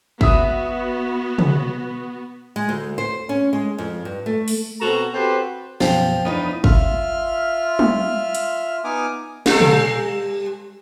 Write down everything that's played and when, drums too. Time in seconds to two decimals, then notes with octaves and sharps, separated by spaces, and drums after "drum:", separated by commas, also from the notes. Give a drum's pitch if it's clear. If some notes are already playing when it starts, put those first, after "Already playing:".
0.21 B3 F#4 E5 D#6, drum: kick
1.38 drum: tom
2.56 G#3
2.69 D2
2.98 C5
3.29 C#4
3.53 G#3
3.78 F2
4.05 G2
4.26 A3
4.48 drum: open hi-hat
4.81 B2 C4 F#4 A4 A#5
5.14 C4 F#4 G4 A4 B4 C5
5.81 F#2 B2 F3 G5, drum: snare
6.25 E2 D4 D#4 B4 D#6
6.64 F4 E5 F6, drum: kick
7.79 drum: tom
8.35 drum: hi-hat
8.84 B3 D#4 G#5 D6 D#6 F6
9.46 G3 A4, drum: snare
9.60 drum: tom